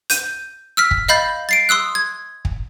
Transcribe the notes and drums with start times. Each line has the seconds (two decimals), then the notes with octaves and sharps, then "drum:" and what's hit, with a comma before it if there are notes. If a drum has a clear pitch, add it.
0.10 G6 D#7, drum: hi-hat
0.77 E6 F6 B6
0.91 drum: kick
1.08 D#5 F5 B5 G6 A6
1.49 A6 C7 D7
1.69 C6 D#6 E6 F#6
1.95 G#6
2.45 drum: kick